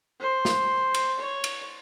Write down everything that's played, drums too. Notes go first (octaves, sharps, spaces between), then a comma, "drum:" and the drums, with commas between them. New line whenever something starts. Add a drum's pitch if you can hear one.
C5
drum: snare
drum: cymbal
C#5
drum: cymbal